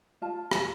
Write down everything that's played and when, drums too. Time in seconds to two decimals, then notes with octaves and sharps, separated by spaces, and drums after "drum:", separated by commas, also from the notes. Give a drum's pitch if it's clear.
0.22 F4 A5
0.51 drum: rim click